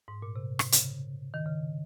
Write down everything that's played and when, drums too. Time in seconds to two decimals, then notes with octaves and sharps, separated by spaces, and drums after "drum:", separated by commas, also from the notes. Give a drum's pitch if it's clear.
0.08 G#2
0.22 A#2
0.36 C3
0.59 drum: rim click
0.72 C#3, drum: hi-hat
1.34 D#3
1.46 C#3